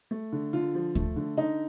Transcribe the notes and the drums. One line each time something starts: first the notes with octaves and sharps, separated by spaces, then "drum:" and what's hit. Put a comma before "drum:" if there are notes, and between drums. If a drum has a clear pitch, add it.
A3
D3
D3 F4
F3
A3, drum: kick
D3
D3 D#4